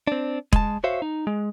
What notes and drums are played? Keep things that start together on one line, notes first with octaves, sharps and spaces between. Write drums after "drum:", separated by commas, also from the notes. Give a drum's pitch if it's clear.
C4 D4
G#3 A5, drum: kick E1
F#4 C5 C#5 E5 F5
D#4
G#3